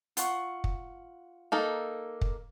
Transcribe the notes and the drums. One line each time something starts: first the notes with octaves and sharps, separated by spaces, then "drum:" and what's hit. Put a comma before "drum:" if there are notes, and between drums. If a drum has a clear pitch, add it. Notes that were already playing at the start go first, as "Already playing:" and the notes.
F4 F#5 C#6, drum: hi-hat
drum: kick
A#3 D#4 A4
drum: kick